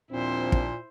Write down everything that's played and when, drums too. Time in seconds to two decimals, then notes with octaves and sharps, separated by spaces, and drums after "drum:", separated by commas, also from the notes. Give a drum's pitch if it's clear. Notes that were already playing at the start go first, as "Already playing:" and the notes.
0.11 D#2 A#2 F3 C4 D4 E4 C5
0.52 drum: kick